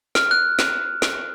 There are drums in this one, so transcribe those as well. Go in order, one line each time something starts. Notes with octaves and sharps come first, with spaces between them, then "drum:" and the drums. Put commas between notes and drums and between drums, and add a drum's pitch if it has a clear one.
F6, drum: snare
F#6
drum: snare
drum: snare